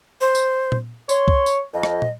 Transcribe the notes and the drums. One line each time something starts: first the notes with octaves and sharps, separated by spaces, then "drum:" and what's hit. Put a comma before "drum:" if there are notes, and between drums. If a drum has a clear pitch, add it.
C5
drum: tambourine
drum: tom A#2
C#5 C6, drum: tambourine
drum: kick C2
drum: tambourine
F2 D#5
drum: rim click
drum: tom